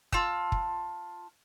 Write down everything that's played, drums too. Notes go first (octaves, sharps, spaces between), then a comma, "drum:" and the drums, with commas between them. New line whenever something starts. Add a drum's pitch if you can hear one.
F4 A5 E6, drum: kick
drum: kick